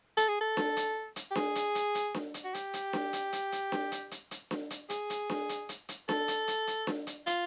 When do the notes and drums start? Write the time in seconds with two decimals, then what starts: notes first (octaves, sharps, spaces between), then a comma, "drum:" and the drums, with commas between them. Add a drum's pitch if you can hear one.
0.17 A4, drum: hi-hat
0.28 G#4
0.41 A4
0.57 drum: snare D4
0.77 drum: hi-hat
1.16 drum: hi-hat
1.31 G4
1.35 G#4, drum: snare D4
1.55 drum: hi-hat
1.75 drum: hi-hat
1.95 drum: hi-hat
2.14 drum: snare D4
2.34 drum: hi-hat
2.44 F#4
2.54 G4, drum: hi-hat
2.74 drum: hi-hat
2.93 drum: snare D4
3.13 drum: hi-hat
3.33 drum: hi-hat
3.52 drum: hi-hat
3.72 drum: snare D4
3.92 drum: hi-hat
4.11 drum: hi-hat
4.31 drum: hi-hat
4.51 drum: snare D4
4.70 drum: hi-hat
4.90 G#4, drum: hi-hat
5.10 drum: hi-hat
5.30 drum: snare D4
5.49 drum: hi-hat
5.69 drum: hi-hat
5.89 drum: hi-hat
6.09 A4, drum: snare D4
6.28 drum: hi-hat
6.48 drum: hi-hat
6.67 drum: hi-hat
6.87 drum: snare D4
7.07 drum: hi-hat
7.27 F4, drum: hi-hat